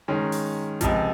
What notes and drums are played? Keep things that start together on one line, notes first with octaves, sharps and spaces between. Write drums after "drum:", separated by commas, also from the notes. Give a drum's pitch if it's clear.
D#3 G#3 C#4
drum: open hi-hat
C#2 C3 F3, drum: kick A1, hi-hat